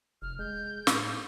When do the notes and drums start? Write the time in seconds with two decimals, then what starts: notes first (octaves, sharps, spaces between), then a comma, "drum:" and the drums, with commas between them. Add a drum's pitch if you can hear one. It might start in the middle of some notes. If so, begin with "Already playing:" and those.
0.22 F1 F6
0.39 G#3 G6
0.87 A2, drum: snare